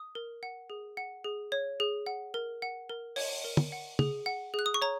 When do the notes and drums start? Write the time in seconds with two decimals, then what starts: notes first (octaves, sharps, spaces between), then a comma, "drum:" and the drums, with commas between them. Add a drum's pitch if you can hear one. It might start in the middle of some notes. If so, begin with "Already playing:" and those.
Already playing: D#6
0.15 A#4
0.43 F#5
0.70 G#4
0.97 F#5
1.24 G#4
1.52 C#5
1.80 G#4
2.06 F#5
2.34 A#4
2.62 F#5
2.89 A#4
3.16 C#5, drum: open hi-hat
3.44 A#4
3.57 drum: tom
3.72 F#5
3.99 G#4, drum: tom
4.26 F#5
4.54 G#4 F#6
4.66 D#6
4.74 C#6
4.82 C#5 A#5